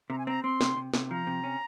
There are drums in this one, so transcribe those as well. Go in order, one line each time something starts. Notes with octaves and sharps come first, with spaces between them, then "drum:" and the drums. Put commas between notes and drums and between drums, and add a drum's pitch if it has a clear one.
C3 A#5
G#5
C4 A#5
C4 C6
C3, drum: snare
C3
C3, drum: snare
F3 A#5
C3
C#4